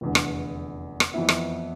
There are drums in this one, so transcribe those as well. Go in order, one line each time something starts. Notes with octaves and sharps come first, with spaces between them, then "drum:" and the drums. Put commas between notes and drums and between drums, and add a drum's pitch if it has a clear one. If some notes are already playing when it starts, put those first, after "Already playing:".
F1 E2 D3
drum: rim click
drum: rim click
F2 E3 B3 E4
drum: rim click